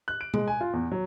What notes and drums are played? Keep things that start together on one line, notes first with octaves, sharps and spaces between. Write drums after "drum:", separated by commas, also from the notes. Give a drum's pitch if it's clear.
F#6
D7
G#3, drum: tom B2
G#5
F4
E2
F#3